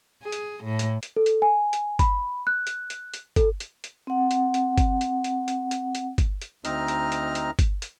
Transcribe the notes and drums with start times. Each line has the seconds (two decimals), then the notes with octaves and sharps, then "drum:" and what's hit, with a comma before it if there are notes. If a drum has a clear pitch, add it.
0.23 G#4
0.32 drum: hi-hat
0.64 A2
0.79 drum: hi-hat
1.03 drum: hi-hat
1.16 A4
1.26 drum: hi-hat
1.42 G#5
1.73 drum: hi-hat
1.99 B5, drum: kick G1, hi-hat
2.47 F#6
2.67 drum: hi-hat
2.90 drum: hi-hat
3.14 drum: hi-hat
3.36 A4, drum: kick G1, hi-hat
3.60 drum: hi-hat
3.84 drum: hi-hat
4.07 C4 F#5
4.31 drum: hi-hat
4.54 drum: hi-hat
4.78 drum: kick G1, hi-hat
5.01 drum: hi-hat
5.24 drum: hi-hat
5.48 drum: hi-hat
5.71 drum: hi-hat
5.95 drum: hi-hat
6.18 drum: kick G1, hi-hat
6.42 drum: hi-hat
6.65 D2 C4 D#4 D#5 A#5 F6, drum: hi-hat
6.88 drum: hi-hat
7.12 drum: hi-hat
7.35 drum: hi-hat
7.59 drum: kick G1, hi-hat
7.82 drum: hi-hat